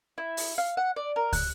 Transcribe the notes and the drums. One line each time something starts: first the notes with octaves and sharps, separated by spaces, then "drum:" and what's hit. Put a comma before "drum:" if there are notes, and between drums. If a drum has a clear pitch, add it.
E4
drum: open hi-hat
F5
F#5
D5
A#4
F#6, drum: kick, open hi-hat